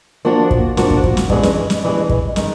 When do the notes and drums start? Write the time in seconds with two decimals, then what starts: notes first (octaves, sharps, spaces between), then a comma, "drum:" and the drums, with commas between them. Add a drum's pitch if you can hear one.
0.25 F3 A#3 D4 F#4
0.51 drum: kick
0.77 F3 A#3 D4 F#4, drum: snare
0.90 drum: kick
1.04 drum: kick
1.17 drum: snare
1.30 G2 E3 G#3 C#4, drum: kick
1.43 drum: snare
1.70 drum: snare
1.83 G2 E3 G#3 C#4
2.09 drum: kick
2.36 D#3 G#3, drum: snare